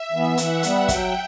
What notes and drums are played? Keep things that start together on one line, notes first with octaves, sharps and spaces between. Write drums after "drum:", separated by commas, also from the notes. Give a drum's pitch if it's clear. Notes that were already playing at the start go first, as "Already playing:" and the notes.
Already playing: E5
E3 B3
E3 F#5, drum: hi-hat
G3 B3, drum: hi-hat
F#3 G5, drum: kick, hi-hat